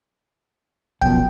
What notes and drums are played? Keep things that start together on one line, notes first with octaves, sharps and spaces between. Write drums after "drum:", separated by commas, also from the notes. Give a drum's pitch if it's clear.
F#2 B2 F3 G5, drum: kick